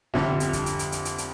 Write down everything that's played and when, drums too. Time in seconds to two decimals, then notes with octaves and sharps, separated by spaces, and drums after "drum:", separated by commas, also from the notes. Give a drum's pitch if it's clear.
0.14 F2 D3 G3 E5, drum: snare
0.40 drum: hi-hat
0.53 drum: kick, hi-hat
0.66 drum: hi-hat
0.79 drum: hi-hat
0.92 drum: hi-hat
1.05 drum: hi-hat
1.18 drum: hi-hat